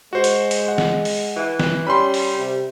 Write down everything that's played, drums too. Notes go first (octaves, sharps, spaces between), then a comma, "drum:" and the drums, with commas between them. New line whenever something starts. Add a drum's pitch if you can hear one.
G#3 F#4 C5
drum: hi-hat
drum: hi-hat
F#5
drum: snare
drum: open hi-hat
E3
drum: snare
G3 C#4 B5 C6
drum: open hi-hat
C3